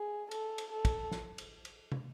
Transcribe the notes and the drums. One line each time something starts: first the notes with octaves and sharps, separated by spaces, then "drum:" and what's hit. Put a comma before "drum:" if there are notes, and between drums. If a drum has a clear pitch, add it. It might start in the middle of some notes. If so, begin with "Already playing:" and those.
Already playing: G#4
A4, drum: cymbal
drum: cymbal
A4
drum: kick, cymbal
drum: snare
drum: cymbal
drum: cymbal
drum: tom